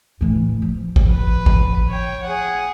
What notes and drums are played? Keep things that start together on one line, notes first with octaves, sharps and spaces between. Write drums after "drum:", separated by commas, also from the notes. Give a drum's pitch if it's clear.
A2 E3
F3
drum: kick G#1
B4
drum: kick G#1
C#5 G5
G#4 F#5